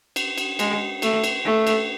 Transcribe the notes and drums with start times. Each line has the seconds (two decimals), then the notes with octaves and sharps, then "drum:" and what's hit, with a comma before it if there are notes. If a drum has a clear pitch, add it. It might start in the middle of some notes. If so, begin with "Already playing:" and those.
0.16 drum: cymbal
0.38 drum: cymbal
0.59 G#3, drum: cymbal
1.02 A3, drum: cymbal
1.24 drum: cymbal
1.44 A3
1.67 drum: cymbal